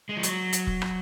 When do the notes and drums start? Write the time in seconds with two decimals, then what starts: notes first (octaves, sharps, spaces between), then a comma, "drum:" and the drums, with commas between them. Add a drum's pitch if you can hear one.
0.09 G#3
0.17 F3
0.23 F#3, drum: hi-hat
0.53 drum: hi-hat
0.67 drum: kick
0.82 drum: rim click